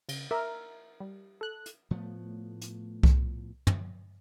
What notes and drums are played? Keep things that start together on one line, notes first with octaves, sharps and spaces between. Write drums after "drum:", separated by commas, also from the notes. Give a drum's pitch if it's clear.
C#3, drum: cymbal
A#4 E5
G3
A4 F#6
drum: hi-hat
A2 F3 A3 B3
drum: hi-hat
drum: kick C2
drum: tom